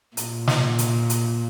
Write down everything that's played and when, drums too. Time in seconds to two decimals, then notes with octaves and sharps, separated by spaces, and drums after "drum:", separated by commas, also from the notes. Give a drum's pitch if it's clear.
0.17 A#2, drum: hi-hat
0.47 drum: snare
0.79 drum: hi-hat
1.10 drum: hi-hat